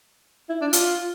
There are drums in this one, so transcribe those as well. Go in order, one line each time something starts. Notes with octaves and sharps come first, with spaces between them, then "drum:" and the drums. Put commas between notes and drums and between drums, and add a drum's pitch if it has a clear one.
E4
D4
F4, drum: hi-hat